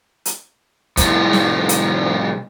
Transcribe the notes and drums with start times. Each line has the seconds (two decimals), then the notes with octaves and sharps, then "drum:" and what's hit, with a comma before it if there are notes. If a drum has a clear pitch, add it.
0.25 drum: hi-hat
0.97 C2 A2, drum: kick, hi-hat
1.33 drum: snare
1.69 drum: hi-hat